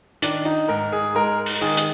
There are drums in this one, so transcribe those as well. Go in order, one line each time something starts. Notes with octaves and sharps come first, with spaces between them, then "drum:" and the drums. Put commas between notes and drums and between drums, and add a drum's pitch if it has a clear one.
D#3 D4, drum: hi-hat
D#4
G#2 A#4
G#4
G#3 A#4
drum: open hi-hat
D#3 G#4
drum: hi-hat